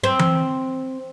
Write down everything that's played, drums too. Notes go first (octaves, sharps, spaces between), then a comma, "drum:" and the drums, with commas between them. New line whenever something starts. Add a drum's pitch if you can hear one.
C4
drum: tom E3